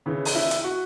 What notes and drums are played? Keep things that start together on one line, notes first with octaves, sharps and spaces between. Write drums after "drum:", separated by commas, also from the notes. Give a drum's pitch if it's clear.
C#3 E3
drum: open hi-hat
E4
drum: hi-hat
F#4